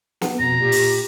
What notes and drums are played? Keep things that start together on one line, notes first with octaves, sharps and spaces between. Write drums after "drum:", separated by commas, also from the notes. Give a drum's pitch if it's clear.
B3, drum: snare
F2 B2 A#5
A#2 G4
drum: open hi-hat